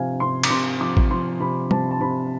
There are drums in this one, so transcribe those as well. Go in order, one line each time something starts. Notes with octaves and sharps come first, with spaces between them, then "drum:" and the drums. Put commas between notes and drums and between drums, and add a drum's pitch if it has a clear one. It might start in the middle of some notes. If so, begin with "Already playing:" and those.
Already playing: C3 F3 F5 G#5
C3 C6
D6, drum: cymbal
C3 C6
F3 D6
drum: kick A1
F3 C6
C3 B5
C3 A5, drum: tom
A5
C3 B5